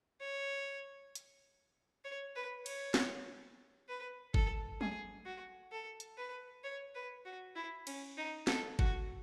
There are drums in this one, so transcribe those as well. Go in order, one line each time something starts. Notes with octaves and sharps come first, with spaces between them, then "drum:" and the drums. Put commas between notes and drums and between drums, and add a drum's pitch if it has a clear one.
C#5
drum: hi-hat
C#5
B4
C#5, drum: cymbal
drum: snare
B4
A4, drum: kick G1
G#4, drum: tom
F#4
A4
drum: hi-hat
B4
C#5
B4
F#4
E4
C#4, drum: cymbal
D#4
A4, drum: snare
F#4, drum: kick G1